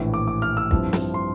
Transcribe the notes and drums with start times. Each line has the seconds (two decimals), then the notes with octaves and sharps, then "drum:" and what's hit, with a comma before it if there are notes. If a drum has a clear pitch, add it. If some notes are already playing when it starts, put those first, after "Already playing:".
Already playing: A#1 A2 E3
0.14 D6
0.28 D6
0.42 F6
0.57 E6
0.71 G2 F3 C4 E4, drum: kick
0.93 drum: snare
1.14 C6